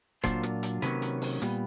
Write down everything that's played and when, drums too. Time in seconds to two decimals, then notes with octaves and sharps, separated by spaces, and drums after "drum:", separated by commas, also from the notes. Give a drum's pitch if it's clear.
0.24 A#2 F#3 A#3 D4 F4 C5, drum: kick F1, hi-hat
0.43 drum: rim click
0.63 drum: hi-hat
0.82 C3 D#3 F#3 A#3 C#4 B4, drum: hi-hat
1.02 drum: hi-hat
1.22 drum: open hi-hat
1.42 A#2 G3 B3, drum: rim click